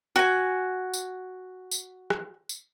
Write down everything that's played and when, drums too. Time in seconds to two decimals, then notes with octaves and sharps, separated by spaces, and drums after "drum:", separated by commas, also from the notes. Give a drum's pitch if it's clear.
0.16 F#4 G#5
0.94 drum: tambourine
1.71 drum: tambourine
2.10 drum: rim click
2.49 drum: tambourine